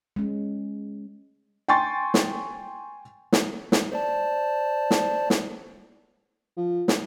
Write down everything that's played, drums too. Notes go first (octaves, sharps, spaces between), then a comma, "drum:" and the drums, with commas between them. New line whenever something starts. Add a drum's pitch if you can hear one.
G#3 C#4
G5 G#5 C6 C#6 A6
drum: snare
drum: snare
drum: snare
C5 D5 A5
drum: snare
drum: snare
F3
drum: snare